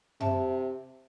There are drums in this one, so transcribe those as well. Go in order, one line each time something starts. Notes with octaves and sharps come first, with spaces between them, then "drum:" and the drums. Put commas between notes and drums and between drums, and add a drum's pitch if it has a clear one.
C3 E5 A5, drum: tom F#2